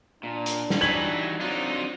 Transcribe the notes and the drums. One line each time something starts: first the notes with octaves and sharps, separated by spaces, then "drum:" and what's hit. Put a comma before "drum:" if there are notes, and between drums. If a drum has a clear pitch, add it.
A#2 D4
drum: hi-hat
drum: snare
E3 F#3 G3 D#4 G#6 B6 F#7
F#3 C4 D4 D#4 F4